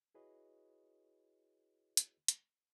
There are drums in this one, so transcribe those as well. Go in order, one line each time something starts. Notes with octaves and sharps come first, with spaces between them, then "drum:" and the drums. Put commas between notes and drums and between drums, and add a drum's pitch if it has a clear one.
E4 F#4 G#4 B4 C#5 D#5
drum: hi-hat
drum: hi-hat